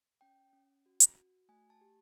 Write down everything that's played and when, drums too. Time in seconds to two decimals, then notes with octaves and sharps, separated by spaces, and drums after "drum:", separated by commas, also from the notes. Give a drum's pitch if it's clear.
0.21 C#4 G5
0.53 C#4
0.86 F#4
1.00 drum: hi-hat
1.17 F#4
1.49 A3 G#5
1.70 A5
1.81 G4